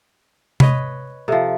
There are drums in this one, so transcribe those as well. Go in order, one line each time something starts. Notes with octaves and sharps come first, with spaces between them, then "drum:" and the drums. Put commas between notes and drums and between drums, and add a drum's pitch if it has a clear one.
B4 C#5 D#5, drum: tom C3
C3 F3 A4 E5